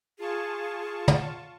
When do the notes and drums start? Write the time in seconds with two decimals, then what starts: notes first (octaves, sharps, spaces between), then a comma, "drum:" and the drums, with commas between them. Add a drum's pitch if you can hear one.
0.19 F4 G#4 A5 C#6
1.08 drum: tom